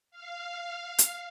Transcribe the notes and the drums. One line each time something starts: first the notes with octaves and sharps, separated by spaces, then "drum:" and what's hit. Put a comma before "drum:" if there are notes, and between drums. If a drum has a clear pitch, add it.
F5
drum: hi-hat